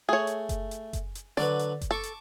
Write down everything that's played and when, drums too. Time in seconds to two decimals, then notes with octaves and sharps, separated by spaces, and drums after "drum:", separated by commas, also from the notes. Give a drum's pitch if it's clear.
0.09 A3 G#4 C#5
0.27 drum: hi-hat
0.49 drum: kick F#1, hi-hat
0.71 drum: hi-hat
0.93 drum: kick F#1, hi-hat
1.15 drum: hi-hat
1.37 D3 F#3 B4 D5, drum: snare
1.59 drum: hi-hat
1.81 drum: kick F#1, hi-hat
1.91 A4 A5 C#6 D6
2.03 drum: hi-hat